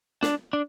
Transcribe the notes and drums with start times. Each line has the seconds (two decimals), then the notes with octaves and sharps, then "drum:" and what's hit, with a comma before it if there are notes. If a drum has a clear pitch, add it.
0.23 D4, drum: snare
0.53 D4